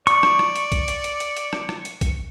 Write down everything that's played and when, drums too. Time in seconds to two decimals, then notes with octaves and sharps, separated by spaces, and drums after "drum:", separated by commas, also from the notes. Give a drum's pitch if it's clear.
0.07 D5 C#6, drum: hi-hat
0.23 drum: rim click
0.39 drum: rim click
0.56 drum: hi-hat
0.72 drum: kick, hi-hat
0.88 drum: hi-hat
1.04 drum: hi-hat
1.20 drum: hi-hat
1.37 drum: hi-hat
1.53 drum: rim click
1.69 drum: rim click
1.85 drum: hi-hat
2.01 drum: kick, hi-hat